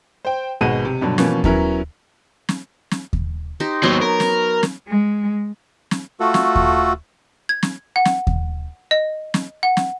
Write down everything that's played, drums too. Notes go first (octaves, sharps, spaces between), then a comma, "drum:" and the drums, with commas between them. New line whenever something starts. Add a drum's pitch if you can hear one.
C5 G5
G#1 B2 G#3 F#5 D#7
C3
G2 B2 D3 F#3
B2 E3 F3 A#3 C#4, drum: snare
F#3 B3 C#4 E4 A#4, drum: kick D#2
drum: snare
drum: snare
drum: kick D#2
D#4 G4 C5
D#2 F#3 B3 C4
A#4
drum: snare
drum: snare
G#3
drum: snare
A3 F4 F#4 A4
drum: snare
drum: kick D#2
G#6
drum: snare
F#5
drum: snare
drum: kick D#2
D#5
drum: snare
F#5
drum: snare